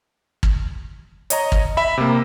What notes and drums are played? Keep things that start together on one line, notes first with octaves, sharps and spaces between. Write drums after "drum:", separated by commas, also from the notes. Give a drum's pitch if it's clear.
drum: kick
C#5 D#5 A#5, drum: hi-hat
drum: kick
E5 B5
C3 A#3